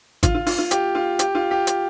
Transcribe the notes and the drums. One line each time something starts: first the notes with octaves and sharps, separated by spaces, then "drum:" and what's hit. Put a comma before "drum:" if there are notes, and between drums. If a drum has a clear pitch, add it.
F4, drum: kick G#1, hi-hat
F4
F4, drum: open hi-hat
F4
G4, drum: hi-hat
F4
G4, drum: hi-hat
F4
G4
drum: hi-hat